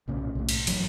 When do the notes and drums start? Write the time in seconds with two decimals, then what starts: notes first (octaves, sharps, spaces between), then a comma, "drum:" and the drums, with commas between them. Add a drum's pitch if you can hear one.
0.08 B1 A#2 C#3
0.35 B1 A2
0.49 drum: cymbal
0.67 A1 G2 F#3, drum: cymbal